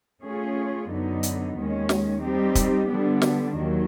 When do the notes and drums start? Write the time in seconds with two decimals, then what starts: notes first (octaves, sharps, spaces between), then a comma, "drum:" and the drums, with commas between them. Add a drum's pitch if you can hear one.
0.24 A3 C#4 F4 G#4 C#5
0.89 F#2 D3 F#3 B3 D#4
1.23 drum: hi-hat
1.56 D#2 D#3 G#3 C#4
1.89 drum: snare
2.22 G3 C4 D#4 G4
2.55 drum: kick, hi-hat
2.88 D3 G3 B3 D4
3.22 drum: snare
3.54 D#2 D#3 F#3